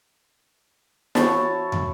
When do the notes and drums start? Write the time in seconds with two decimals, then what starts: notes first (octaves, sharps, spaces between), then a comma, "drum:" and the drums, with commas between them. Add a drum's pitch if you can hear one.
1.15 E4 F#4 C#5 A5, drum: snare
1.72 drum: tom